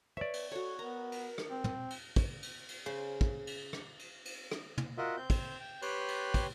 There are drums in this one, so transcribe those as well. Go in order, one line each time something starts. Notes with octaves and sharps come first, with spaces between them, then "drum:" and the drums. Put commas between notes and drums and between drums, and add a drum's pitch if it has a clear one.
B4 C#5 D5 E5
drum: cymbal
F#4 A4 C#5
B3 A#4 A#5
drum: cymbal
drum: rim click
C4
drum: tom
drum: cymbal
drum: kick, cymbal
drum: cymbal
drum: cymbal
C#3 C5
drum: kick
drum: cymbal
drum: rim click
drum: cymbal
drum: cymbal
drum: rim click
drum: tom
F4 F#4 A#4 D#5 E5 F#5
C4 G6
drum: kick, cymbal
G5
G4 B4 C#5 G5 C6 F#6, drum: cymbal
drum: cymbal
drum: kick, cymbal